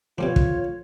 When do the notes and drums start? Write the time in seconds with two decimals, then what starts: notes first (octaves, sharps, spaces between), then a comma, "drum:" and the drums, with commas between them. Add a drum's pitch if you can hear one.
0.18 B2 D3 F3 G3 D4 F4 C5 C#5
0.36 drum: kick